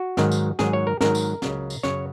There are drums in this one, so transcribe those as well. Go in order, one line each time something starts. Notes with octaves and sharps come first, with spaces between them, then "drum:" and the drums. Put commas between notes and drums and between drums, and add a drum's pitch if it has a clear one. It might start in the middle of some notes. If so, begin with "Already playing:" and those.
Already playing: F#4
G#2 D#3 F#3, drum: snare
drum: tambourine
G#2 D#3 F#3 G#4, drum: snare
C#5
A#4
G#2 D#3 F#3 A#4, drum: snare
drum: tambourine
C#2 C#3 F#3, drum: snare
drum: tambourine
F#2 C#3 F#3 C#5, drum: snare